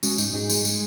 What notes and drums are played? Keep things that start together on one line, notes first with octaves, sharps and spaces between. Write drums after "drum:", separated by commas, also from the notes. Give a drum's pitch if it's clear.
G#3 C#4 F#4, drum: tambourine
G#2 D#4, drum: tambourine
G#2 D#4 G#4
G#3, drum: tambourine
G#3, drum: tambourine